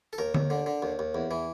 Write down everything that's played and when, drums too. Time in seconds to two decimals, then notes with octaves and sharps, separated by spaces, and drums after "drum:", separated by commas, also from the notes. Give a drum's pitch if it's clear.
0.13 A4
0.18 D#2 A#4
0.34 D#2, drum: tom D3
0.50 D3
0.66 D3
0.82 D#2
0.99 D#2
1.15 E2
1.31 E3